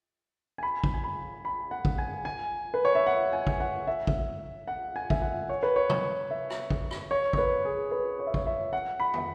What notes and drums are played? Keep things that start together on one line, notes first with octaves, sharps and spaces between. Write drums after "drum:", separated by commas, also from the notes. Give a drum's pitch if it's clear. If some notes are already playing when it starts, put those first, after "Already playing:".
G#5
B5
drum: kick
G#5
B5
B5
F#5
drum: kick
G#5
G#5
B4
C#5
E5
F#5
G#5
drum: kick
F#5
E5
drum: kick
F#5
G#5
E5, drum: kick
F#5
C#5
B4
C#5
drum: tom C3
E5
drum: rim click
drum: kick
drum: rim click
C#5
C#5, drum: kick
B4
G#4
B4
C#5
E5
C#5, drum: kick
E5
F#5
B5
drum: tom